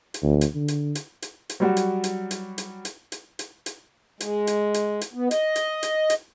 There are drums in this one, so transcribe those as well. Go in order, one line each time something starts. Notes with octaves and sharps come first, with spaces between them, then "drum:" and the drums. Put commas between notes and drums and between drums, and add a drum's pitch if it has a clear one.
drum: hi-hat
D2
drum: hi-hat
D3
drum: hi-hat
drum: hi-hat
drum: hi-hat
drum: hi-hat
F#3 G3 F#4
drum: hi-hat
drum: hi-hat
drum: hi-hat
drum: hi-hat
drum: hi-hat
drum: hi-hat
drum: hi-hat
drum: hi-hat
G#3, drum: hi-hat
drum: hi-hat
drum: hi-hat
drum: hi-hat
B3
D#5, drum: hi-hat
drum: hi-hat
drum: hi-hat
drum: hi-hat